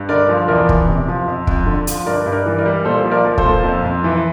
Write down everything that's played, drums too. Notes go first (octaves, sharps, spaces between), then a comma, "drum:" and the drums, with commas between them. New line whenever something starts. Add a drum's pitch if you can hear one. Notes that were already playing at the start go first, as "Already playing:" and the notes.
Already playing: G2
D3 A#4 D5
F3
E2 A#4 D5
E2, drum: kick
C3
F3
F2
F2, drum: kick
D3
F3, drum: hi-hat
G2 A#4 D5
G2
A#4 D5
E3
A#4 D5
G3
A#2 A4 C5
F3
A#4 D5
F3
A4 C5, drum: kick
A#2
F2
F2
E3